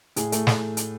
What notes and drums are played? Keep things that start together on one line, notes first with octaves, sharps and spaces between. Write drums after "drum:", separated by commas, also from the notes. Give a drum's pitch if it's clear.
A2 G#4, drum: hi-hat
A3, drum: hi-hat
drum: snare
drum: hi-hat